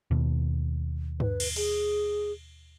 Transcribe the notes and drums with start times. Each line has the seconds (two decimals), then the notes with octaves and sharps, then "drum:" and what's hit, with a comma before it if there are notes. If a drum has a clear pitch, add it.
0.11 D#2 B2
1.20 B4, drum: tom G2
1.40 drum: cymbal
1.56 G#4, drum: open hi-hat